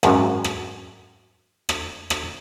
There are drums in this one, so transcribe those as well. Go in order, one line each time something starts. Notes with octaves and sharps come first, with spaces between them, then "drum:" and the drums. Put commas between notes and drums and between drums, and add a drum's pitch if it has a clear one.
G#1 F#2, drum: rim click
drum: rim click
drum: rim click
drum: rim click